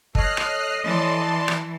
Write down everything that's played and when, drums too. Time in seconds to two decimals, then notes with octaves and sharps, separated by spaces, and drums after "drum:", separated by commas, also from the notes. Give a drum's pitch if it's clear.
0.15 A4 C#5 D#5 F6 F#6 C7, drum: kick
0.37 drum: rim click
0.83 E3 D5 A5 C6
1.48 drum: rim click